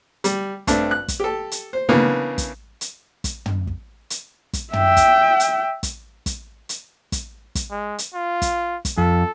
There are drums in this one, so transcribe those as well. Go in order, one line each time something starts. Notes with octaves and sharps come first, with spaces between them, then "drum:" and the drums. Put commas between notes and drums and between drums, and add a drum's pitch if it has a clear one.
G3, drum: hi-hat
G2 A3 C4 D4, drum: kick, hi-hat
F#6
drum: kick, hi-hat
G4 A4
drum: hi-hat
C5
C#3 E3 A#3 B3 D4
drum: kick, hi-hat
drum: hi-hat
drum: kick, hi-hat
drum: tom
drum: kick
drum: hi-hat
drum: kick, hi-hat
E5 G5, drum: tom
drum: kick, hi-hat
drum: hi-hat
drum: kick, hi-hat
drum: kick, hi-hat
drum: hi-hat
drum: kick, hi-hat
drum: kick, hi-hat
G#3
drum: hi-hat
F4
drum: kick, hi-hat
drum: kick, hi-hat
F2 A4